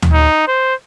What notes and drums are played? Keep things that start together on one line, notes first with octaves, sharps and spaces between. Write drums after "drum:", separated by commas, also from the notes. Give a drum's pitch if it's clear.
drum: tom
D#4
C5